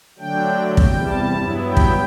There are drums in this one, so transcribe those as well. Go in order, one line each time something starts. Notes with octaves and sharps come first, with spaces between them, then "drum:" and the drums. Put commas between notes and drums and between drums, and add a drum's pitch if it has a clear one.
D3 F#3 A3 D4 G5
E2 C3 G3 G5, drum: kick
A5
G2 F#3 B3 E4
G5
drum: kick